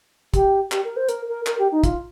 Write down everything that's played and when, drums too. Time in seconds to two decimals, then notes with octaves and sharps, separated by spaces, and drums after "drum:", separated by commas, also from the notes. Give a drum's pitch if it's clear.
0.34 G4, drum: kick, hi-hat
0.72 G4, drum: clap
0.84 A#4
0.96 C5
1.09 A#4, drum: hi-hat
1.28 A#4
1.46 A#4, drum: clap
1.59 G4
1.71 D#4
1.84 F4, drum: kick, hi-hat